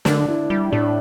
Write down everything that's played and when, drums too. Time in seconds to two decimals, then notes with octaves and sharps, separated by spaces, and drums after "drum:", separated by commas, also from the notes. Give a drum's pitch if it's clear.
0.05 D3 D4, drum: snare
0.28 E4
0.50 G3 E4
0.72 A2 D4